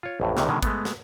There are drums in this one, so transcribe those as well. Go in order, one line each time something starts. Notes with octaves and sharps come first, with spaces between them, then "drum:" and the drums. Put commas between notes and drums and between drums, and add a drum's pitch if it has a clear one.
F4 C#5
A1 F2 A2
C#2 C3 D#3 E3, drum: snare
B2 D3 D#3 G#3
G#3 A3 B3, drum: kick, hi-hat
drum: snare